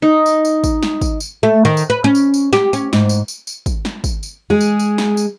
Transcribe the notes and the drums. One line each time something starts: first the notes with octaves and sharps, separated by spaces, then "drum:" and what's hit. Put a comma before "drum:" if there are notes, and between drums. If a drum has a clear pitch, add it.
D#4
drum: tambourine
drum: tambourine
drum: kick, tambourine
drum: snare
drum: kick, tambourine
drum: tambourine
A3
D#3
drum: tambourine
B4
C#4
drum: tambourine
drum: tambourine
G4, drum: snare
C#4, drum: tambourine
G#2, drum: snare
drum: tambourine
drum: tambourine
drum: tambourine
drum: kick, tambourine
drum: snare
drum: kick, tambourine
drum: tambourine
G#3 G#4
drum: tambourine
drum: tambourine
drum: snare
drum: tambourine